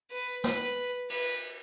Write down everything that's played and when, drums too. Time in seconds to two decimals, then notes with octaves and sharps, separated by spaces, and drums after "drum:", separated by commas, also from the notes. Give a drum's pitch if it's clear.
0.11 B4
0.44 B4, drum: snare
1.10 B4, drum: cymbal